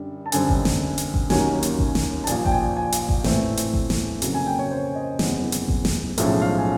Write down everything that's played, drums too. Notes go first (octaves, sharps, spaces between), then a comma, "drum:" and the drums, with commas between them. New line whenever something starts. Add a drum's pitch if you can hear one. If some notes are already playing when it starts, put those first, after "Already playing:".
Already playing: F#2 D3 G3
A5
F#2 D3 G3 C4 G#5, drum: hi-hat
drum: kick G#1
drum: snare
drum: hi-hat
drum: kick G#1
D#2 D#3 F#3 A#3 C#4 G#5, drum: snare
drum: hi-hat
drum: kick G#1
drum: snare
A5
A#1 A#2 F3 G#5, drum: hi-hat
G5, drum: kick G#1
G#5
G#5
drum: hi-hat
drum: kick G#1
A2 E3 A3 C4, drum: snare
drum: hi-hat
drum: kick G#1
drum: snare
F2 C#3 F#3 A#3, drum: hi-hat
G#5
G5
C#5
C5
D#5
F#1 E2 C3, drum: snare
drum: hi-hat
drum: kick G#1
drum: snare
B1 A2 F3 G#3 C#4 E5, drum: hi-hat
F5
G#5